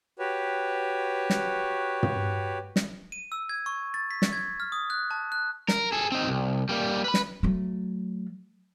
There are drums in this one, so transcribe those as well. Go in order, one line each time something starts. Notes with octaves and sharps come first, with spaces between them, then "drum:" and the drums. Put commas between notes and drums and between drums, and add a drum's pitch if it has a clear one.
F#4 G4 B4 C#5
drum: snare
drum: tom
drum: snare
D#7
E6
G#6
C#6
A6
B6
drum: snare
G#6
F6
D#6
F#6
A5
F#6
A#4, drum: snare
G#4 A4
C4 D#4
C2
G3 A#3
B4 B5
drum: snare
F#3 A3